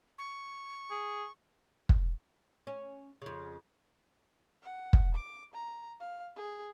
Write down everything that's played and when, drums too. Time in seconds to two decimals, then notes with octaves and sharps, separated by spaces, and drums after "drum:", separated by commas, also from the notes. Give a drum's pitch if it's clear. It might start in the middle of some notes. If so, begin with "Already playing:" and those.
0.18 C#6
0.91 G#4
1.89 drum: kick
2.67 C#4
3.22 F2 C#3
4.62 F#5
4.93 drum: kick
5.15 D6
5.53 A#5
6.00 F5
6.36 G#4